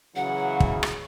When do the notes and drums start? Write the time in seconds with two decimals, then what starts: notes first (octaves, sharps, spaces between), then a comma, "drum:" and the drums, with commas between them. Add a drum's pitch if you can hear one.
0.16 C#3 E3 F#3 F#5
0.60 drum: kick
0.83 drum: rim click